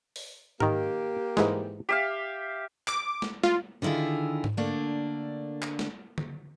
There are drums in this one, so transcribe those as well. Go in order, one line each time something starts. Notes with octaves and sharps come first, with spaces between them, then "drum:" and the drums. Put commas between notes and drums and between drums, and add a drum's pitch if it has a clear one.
drum: open hi-hat
D#3 A#3 G4 A#4, drum: tom G#2
G#2 E3 G#3, drum: snare
G4 E5 F5
D6, drum: clap
drum: snare
F4, drum: snare
D3 D#3 E4 F4 G#4
drum: tom G#2
D3 A3 A#3 D4
drum: clap
drum: snare
drum: tom D3